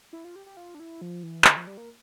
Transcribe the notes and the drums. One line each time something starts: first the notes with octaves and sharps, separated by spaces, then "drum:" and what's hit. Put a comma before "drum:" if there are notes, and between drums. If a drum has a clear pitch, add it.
E4
F4
G4
G4
F4
D4
E4
F3
E3
D3, drum: clap
F3
G3
A#3